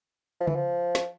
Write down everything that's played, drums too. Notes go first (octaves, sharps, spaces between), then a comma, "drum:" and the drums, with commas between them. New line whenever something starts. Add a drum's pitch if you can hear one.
F3
E3, drum: tom C#3
F3
drum: snare